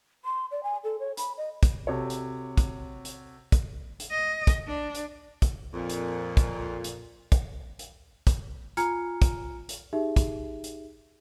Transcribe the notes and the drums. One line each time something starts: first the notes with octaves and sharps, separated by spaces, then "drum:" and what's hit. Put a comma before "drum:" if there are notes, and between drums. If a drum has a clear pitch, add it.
C6
D5
G#5
A4
C#5
B5, drum: hi-hat
D#5
drum: kick, hi-hat
C3 F#4 A4 C#5
drum: hi-hat
drum: kick, hi-hat
drum: hi-hat
drum: kick, hi-hat
drum: hi-hat
D#5
drum: kick, hi-hat
D4
drum: hi-hat
drum: kick, hi-hat
F2 A#2
drum: hi-hat
drum: kick, hi-hat
drum: hi-hat
drum: kick, hi-hat
drum: hi-hat
drum: kick, hi-hat
F4 G#5 A#5 F6 G#6 C#7, drum: hi-hat
drum: kick, hi-hat
drum: hi-hat
D#4 G4 G#4 E5
drum: kick, hi-hat
drum: hi-hat